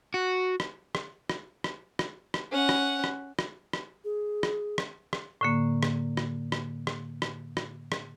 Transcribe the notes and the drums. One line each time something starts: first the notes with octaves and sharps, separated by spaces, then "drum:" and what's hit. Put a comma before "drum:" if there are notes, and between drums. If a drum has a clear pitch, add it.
F#4
drum: rim click
drum: rim click
drum: rim click
drum: rim click
drum: rim click
drum: rim click
C#4 F#5
drum: rim click
drum: rim click
drum: rim click
drum: rim click
G#4
drum: rim click
drum: rim click
drum: rim click
A2 D3 A#3
drum: rim click
drum: rim click
drum: rim click
drum: rim click
drum: rim click
drum: rim click
drum: rim click